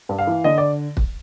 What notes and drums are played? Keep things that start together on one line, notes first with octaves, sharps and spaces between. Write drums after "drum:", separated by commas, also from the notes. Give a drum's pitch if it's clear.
G2
F5
E3
D3 D#5
D5
drum: kick